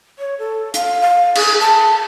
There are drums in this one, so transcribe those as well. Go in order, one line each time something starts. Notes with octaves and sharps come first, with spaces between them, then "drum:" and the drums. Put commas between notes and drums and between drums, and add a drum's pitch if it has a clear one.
C#5
A4
F5, drum: hi-hat
F5
G#4, drum: cymbal
A5